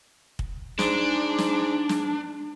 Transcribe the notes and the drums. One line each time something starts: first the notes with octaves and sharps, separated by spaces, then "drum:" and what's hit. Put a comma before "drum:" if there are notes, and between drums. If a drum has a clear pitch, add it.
drum: kick
G#2 D4, drum: snare
drum: snare
drum: snare